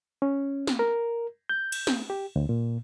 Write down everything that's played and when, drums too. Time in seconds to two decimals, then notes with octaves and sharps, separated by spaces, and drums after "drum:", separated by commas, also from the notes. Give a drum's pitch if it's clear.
0.22 C#4
0.67 drum: snare
0.79 A#4
1.49 G6
1.72 drum: cymbal
1.87 drum: snare
2.10 G4
2.36 D2
2.49 A#2